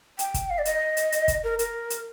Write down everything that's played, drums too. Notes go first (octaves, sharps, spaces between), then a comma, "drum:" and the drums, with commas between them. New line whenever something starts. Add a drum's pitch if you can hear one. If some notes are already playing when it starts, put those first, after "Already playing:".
G5, drum: hi-hat
drum: kick, hi-hat
F5
D5
D#5, drum: hi-hat
drum: hi-hat
drum: hi-hat
drum: kick, hi-hat
A#4
A#4, drum: hi-hat
drum: hi-hat